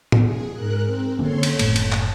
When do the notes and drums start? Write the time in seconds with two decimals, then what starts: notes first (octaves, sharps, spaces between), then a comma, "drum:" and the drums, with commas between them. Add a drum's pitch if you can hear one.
0.12 drum: tom A2
0.23 G#4
0.53 G#2 A#4 F#6
0.86 C4
1.19 D3 A#3 C#4 A4 C#5 C6
1.43 drum: cymbal
1.59 F#1 A2 A3 A5, drum: cymbal
1.76 drum: cymbal
1.92 drum: clap